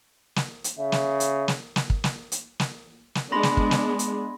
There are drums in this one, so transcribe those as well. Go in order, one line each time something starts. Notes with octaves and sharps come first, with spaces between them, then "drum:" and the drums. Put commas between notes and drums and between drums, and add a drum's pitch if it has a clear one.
drum: snare
drum: hi-hat
C#3 E5
drum: snare
drum: hi-hat
drum: snare
drum: snare
drum: kick
drum: snare
drum: hi-hat
drum: snare
drum: snare
G#3 B3 D4 B5 C6 A#6
drum: snare
drum: kick
drum: snare
drum: hi-hat